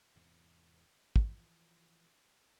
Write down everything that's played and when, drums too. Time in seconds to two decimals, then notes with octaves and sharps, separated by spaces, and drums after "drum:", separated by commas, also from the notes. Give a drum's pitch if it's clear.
0.16 E2 G#2 C3
1.16 E3 F3, drum: kick